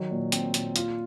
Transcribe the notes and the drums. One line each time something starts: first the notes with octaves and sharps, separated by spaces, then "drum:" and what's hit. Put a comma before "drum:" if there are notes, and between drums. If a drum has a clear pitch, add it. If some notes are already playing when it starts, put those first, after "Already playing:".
Already playing: D#3 F#3
A#2
C4, drum: hi-hat
A#2, drum: hi-hat
F4, drum: hi-hat